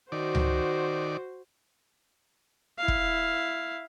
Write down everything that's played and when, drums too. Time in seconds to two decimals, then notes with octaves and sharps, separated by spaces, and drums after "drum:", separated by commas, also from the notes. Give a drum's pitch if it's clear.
0.12 D#3 F#4 C5 D5
0.35 drum: tom C#2
2.78 E4 F5
2.88 drum: kick